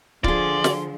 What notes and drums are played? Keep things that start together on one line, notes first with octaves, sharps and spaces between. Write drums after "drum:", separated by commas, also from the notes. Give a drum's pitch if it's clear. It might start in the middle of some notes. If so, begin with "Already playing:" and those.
D3 F3 F4 G#4 D5 C6, drum: kick D1
drum: snare